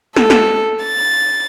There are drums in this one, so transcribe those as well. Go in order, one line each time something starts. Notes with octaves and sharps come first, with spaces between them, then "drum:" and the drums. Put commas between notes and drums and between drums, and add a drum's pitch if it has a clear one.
A4, drum: snare
drum: snare
A6